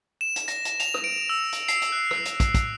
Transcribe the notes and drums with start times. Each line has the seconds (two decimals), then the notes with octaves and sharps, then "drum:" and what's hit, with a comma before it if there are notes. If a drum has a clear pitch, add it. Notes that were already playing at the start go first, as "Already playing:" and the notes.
0.21 E7
0.36 drum: hi-hat
0.48 A#6, drum: hi-hat
0.65 drum: hi-hat
0.80 F7, drum: hi-hat
0.94 drum: rim click
1.04 D7
1.29 E6
1.53 drum: hi-hat
1.68 C7, drum: hi-hat
1.82 drum: hi-hat
1.92 F#6
2.11 drum: rim click
2.25 drum: hi-hat
2.40 drum: kick, hi-hat
2.55 drum: kick, hi-hat